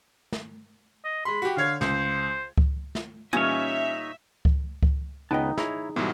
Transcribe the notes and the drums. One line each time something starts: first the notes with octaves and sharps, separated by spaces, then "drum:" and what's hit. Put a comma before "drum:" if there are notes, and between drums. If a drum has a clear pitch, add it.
drum: snare
D#5
G#3 B5 C6
F#4 G4
D3 C#5 F5 G#6
C#2 C5, drum: snare
drum: kick C#2
drum: snare
A#2 E3 G3 C#4 D#4 C#5 E5
drum: kick C#2
drum: kick C#2
C#2 B3 D#4 B4 D#5 G5 A5
E4 G#4 C#5 A#5, drum: snare
G#2 B2 E3 G3 B3 F#4 A4